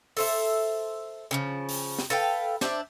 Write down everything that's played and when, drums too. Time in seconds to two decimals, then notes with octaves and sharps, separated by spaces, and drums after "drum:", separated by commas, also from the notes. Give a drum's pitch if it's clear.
0.17 A4 C5 E5, drum: open hi-hat
1.31 C#3 E3 F3
1.69 drum: open hi-hat
1.99 drum: snare
2.10 A4 B4 F5 G5
2.61 D4 C5 D5 E5, drum: snare